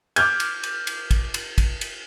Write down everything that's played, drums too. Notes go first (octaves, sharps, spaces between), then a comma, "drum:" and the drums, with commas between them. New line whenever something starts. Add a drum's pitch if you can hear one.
D6 F6 G6 G#6, drum: cymbal
drum: cymbal
drum: cymbal
drum: cymbal
drum: kick, cymbal
drum: cymbal
drum: kick, cymbal
drum: cymbal